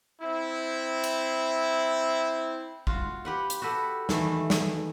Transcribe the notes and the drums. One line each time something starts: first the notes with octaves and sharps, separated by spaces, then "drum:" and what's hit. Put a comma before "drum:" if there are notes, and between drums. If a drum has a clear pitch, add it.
C4 E4
drum: cymbal
F4 F#4, drum: kick
G4 B4 F#5
drum: hi-hat
F#4 G4 A4 B4
D#3 E3 A3, drum: snare
drum: snare